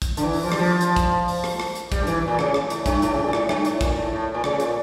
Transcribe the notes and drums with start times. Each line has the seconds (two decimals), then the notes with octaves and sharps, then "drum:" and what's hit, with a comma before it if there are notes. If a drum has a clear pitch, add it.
0.02 drum: kick, hi-hat
0.17 D3, drum: hi-hat
0.23 E3
0.33 drum: open hi-hat
0.43 F3
0.52 G3, drum: rim click
0.59 F3
0.81 drum: hi-hat
0.96 drum: kick, hi-hat
1.28 drum: open hi-hat
1.44 drum: rim click
1.60 drum: rim click
1.75 drum: hi-hat
1.92 G3, drum: kick, hi-hat
2.03 D3
2.07 E3, drum: hi-hat
2.28 A#2
2.39 C#3, drum: rim click
2.54 drum: rim click
2.70 A2, drum: hi-hat
2.86 G2, drum: kick, hi-hat
3.02 A2, drum: hi-hat
3.14 C#3
3.23 A#2
3.33 A2, drum: rim click
3.49 G2, drum: rim click
3.65 A2, drum: hi-hat
3.81 A#2, drum: kick, hi-hat
3.96 A2
4.13 A2
4.34 A#2
4.44 C#3, drum: rim click
4.60 A#2, drum: hi-hat